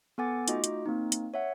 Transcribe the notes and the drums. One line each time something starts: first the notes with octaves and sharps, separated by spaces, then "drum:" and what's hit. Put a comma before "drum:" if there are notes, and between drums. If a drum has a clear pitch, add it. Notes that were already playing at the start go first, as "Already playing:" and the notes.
B3 A4 F#5 G#5 D6 A6
A3 D#4 F4 F#4 D#5 D6, drum: hi-hat
drum: hi-hat
A#3 C4 D#4
drum: hi-hat
C#5 E5 F#5